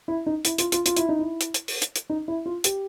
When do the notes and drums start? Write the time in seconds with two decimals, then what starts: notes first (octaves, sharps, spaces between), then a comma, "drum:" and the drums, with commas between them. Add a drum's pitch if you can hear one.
0.08 E4
0.26 D#4
0.45 E4, drum: hi-hat
0.58 F4, drum: hi-hat
0.72 F4, drum: hi-hat
0.86 F4, drum: hi-hat
0.97 E4, drum: hi-hat
1.09 D#4
1.19 E4
1.41 drum: hi-hat
1.54 drum: hi-hat
1.68 drum: open hi-hat
1.82 drum: hi-hat
1.96 drum: hi-hat
2.10 D#4
2.28 E4
2.46 F4
2.64 G4, drum: hi-hat